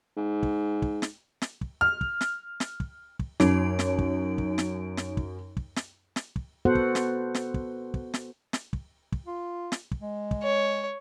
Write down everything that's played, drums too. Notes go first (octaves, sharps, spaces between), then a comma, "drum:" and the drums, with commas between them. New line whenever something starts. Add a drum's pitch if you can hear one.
G#2
drum: kick
drum: kick
drum: snare
drum: snare
drum: kick
F6
drum: kick
drum: snare
drum: snare
drum: kick
drum: kick
F#2 D#4 C#5 D7, drum: snare
drum: snare
drum: kick
drum: kick
drum: snare
drum: snare
drum: kick
drum: kick
drum: snare
drum: snare
drum: kick
B3 F#4 A4 C5 F#5
drum: kick
drum: snare
drum: snare
drum: kick
drum: kick
drum: snare
drum: snare
drum: kick
drum: kick
F4
drum: snare
drum: kick
G#3
drum: kick
C#5